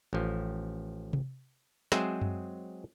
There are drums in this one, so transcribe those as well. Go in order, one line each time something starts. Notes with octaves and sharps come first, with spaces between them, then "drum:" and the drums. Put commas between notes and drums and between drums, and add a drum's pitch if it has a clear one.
A1 F3
drum: tom C3
F#3 G#3 C4 G#4 C5 E5, drum: snare
drum: tom F#2